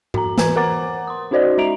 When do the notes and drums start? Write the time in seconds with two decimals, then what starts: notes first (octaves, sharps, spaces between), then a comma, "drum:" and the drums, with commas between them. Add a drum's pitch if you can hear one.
0.14 F#4 A#5, drum: tom G#2
0.38 E3 B4 G#5 A#5 G#6, drum: snare
0.56 A#4 C5 F#5 A#5 D6 A6
1.07 C6 D#6
1.31 C#4 D#4 F#4 C5 D5 D#5
1.58 G#3 D#5 E5 A#5 D7 F7